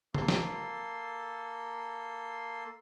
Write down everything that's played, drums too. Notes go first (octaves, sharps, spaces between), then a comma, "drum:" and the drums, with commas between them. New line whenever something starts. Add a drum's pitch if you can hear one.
A#3 A4 C6, drum: tom C#3
drum: snare